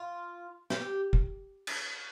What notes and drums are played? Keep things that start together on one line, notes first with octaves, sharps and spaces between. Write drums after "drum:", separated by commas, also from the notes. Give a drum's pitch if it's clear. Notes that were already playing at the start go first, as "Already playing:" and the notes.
Already playing: F4
G4, drum: snare
drum: kick
drum: cymbal